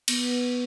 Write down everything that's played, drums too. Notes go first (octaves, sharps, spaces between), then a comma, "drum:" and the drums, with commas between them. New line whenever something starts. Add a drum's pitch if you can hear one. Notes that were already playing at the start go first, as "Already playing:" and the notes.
B3, drum: cymbal